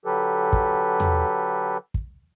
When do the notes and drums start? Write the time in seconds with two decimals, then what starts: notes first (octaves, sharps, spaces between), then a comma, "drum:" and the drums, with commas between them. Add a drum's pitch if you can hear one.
0.05 D3 F#3 G4 A4 B4
0.53 drum: kick
1.00 drum: tom E2
1.94 drum: kick